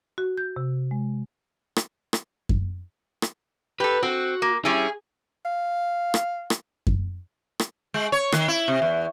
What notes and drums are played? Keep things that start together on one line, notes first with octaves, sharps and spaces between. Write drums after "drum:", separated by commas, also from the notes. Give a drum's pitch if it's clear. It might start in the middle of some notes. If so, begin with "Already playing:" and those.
F#4
G6
C3
G#3
drum: rim click
drum: rim click
drum: kick F#2
drum: rim click
G4 A4 B4
C4 F#4
A#3
G3 C#4 E4 G#4
F5
drum: rim click
drum: rim click
drum: kick F#2
drum: rim click
G#3
C#5
D#3, drum: rim click
E4
C3
E2